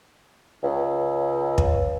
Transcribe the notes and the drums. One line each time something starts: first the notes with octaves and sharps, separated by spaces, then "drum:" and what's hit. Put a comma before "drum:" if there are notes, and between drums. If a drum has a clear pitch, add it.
C#2
drum: kick